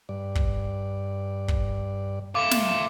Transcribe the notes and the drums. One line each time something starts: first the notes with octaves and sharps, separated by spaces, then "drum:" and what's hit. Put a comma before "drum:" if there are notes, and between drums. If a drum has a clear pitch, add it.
G2 D5
drum: kick
drum: kick
A3 F4 D6
drum: snare